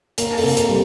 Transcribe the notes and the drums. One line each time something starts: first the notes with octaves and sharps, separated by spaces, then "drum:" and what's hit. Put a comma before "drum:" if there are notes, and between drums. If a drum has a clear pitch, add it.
A#3 A#4, drum: hi-hat
A4, drum: open hi-hat
C3
A#4, drum: hi-hat
G3